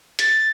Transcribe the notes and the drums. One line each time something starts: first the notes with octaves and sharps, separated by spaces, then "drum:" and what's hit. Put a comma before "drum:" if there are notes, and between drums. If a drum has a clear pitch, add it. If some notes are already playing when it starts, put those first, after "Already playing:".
A6, drum: hi-hat